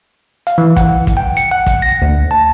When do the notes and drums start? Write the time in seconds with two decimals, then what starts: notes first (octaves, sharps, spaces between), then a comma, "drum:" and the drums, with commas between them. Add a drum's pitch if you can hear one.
0.47 F5, drum: hi-hat
0.58 E3
0.77 F#5, drum: kick, hi-hat
1.07 drum: kick, hi-hat
1.17 G5
1.37 C#7, drum: hi-hat
1.51 F#5
1.66 drum: kick, hi-hat
1.82 A#6
2.02 D2
2.31 A5